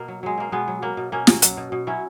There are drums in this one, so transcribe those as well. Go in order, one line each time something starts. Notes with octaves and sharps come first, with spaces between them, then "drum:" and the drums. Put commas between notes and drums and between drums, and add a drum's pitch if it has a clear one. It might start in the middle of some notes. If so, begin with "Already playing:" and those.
Already playing: B2 A#3
F#3
F#3 G#3
B2 A#3
B2 G#3 B3
F#3
F#3 A#3
B2
B2 A#3 C#4
F#3, drum: snare
F#3, drum: hi-hat
B2
B2
F#3 C#4 E4